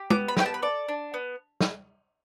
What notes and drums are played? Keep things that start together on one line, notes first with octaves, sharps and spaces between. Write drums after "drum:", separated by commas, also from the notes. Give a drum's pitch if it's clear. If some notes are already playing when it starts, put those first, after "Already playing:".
Already playing: G4
B3 D6, drum: tom
B5
G4 G5, drum: snare
A5
B4
A4 D5
D4
B3
drum: snare